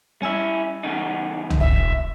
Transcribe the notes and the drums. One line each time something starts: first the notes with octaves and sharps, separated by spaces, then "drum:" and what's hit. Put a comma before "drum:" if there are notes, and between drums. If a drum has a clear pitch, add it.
G3 C#4 E4 G#5 E6
E2 C#3 D#4
drum: tom C2
E1 E5